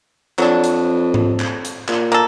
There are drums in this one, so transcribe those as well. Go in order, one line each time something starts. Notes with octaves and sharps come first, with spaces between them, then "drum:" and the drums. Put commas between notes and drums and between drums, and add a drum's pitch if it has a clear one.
F2 F#3 D4, drum: clap
drum: hi-hat
drum: tom G#2
drum: clap
drum: hi-hat
A#2, drum: clap
A#3 A4